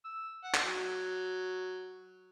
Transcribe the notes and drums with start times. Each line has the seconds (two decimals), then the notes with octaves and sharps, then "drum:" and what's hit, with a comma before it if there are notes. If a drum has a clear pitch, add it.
0.05 E6
0.44 F#5
0.54 drum: clap
0.64 F#3